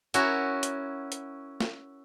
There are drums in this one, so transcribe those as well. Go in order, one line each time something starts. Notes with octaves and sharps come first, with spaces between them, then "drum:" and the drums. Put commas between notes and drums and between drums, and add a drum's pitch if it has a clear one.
C#4 E4 F#4 A#4, drum: hi-hat
drum: hi-hat
drum: hi-hat
drum: snare